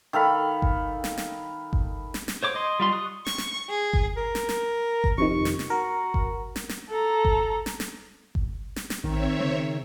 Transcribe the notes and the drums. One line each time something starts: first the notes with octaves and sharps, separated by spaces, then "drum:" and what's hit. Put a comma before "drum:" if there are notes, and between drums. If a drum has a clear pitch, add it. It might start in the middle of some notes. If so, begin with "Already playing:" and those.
D#3 A4 F5 B5
drum: kick G1
drum: snare
drum: snare
drum: kick G1
drum: snare
drum: snare
C5 C#5 D6
D#5 C6
G3 F4 C6
C#6 D#6 F#6
C#6, drum: snare
drum: snare
G#4
drum: kick G1
A#4
drum: snare
drum: snare
drum: kick G1
F2 C3 D#3 C#6
drum: snare
drum: snare
F#4 A#4
drum: kick G1
drum: snare
drum: snare
A4 A#5
drum: kick G1
drum: snare
drum: snare
drum: kick G1
drum: snare
drum: snare
A1 D#3 C4 C#5 E5
C#3